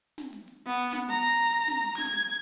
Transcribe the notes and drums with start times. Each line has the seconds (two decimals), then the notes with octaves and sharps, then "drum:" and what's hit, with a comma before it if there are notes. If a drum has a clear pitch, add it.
0.18 drum: snare
0.33 drum: hi-hat
0.48 drum: hi-hat
0.67 B3
0.78 drum: open hi-hat
0.93 drum: snare
1.10 A#5, drum: hi-hat
1.23 drum: hi-hat
1.38 drum: hi-hat
1.53 drum: hi-hat
1.68 drum: snare
1.83 drum: hi-hat
1.98 G#6, drum: snare
2.13 drum: hi-hat